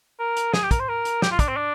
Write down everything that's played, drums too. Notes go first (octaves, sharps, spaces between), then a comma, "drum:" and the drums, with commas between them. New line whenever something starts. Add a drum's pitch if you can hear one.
A#4
drum: hi-hat
G#4, drum: snare
G4
A#4, drum: kick, hi-hat
C5
A#4
drum: hi-hat
G4, drum: snare
F4
D4, drum: kick, hi-hat
C4
D4